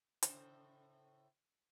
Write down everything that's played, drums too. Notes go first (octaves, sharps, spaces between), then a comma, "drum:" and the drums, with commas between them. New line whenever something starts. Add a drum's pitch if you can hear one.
A2 C#3 C5, drum: hi-hat